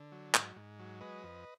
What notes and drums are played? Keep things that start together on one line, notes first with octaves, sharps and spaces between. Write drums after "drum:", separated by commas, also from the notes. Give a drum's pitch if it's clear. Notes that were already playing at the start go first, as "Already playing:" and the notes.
Already playing: D3
F#3
G#2, drum: clap
G#2
F#3
G#3 B4 D#5
F2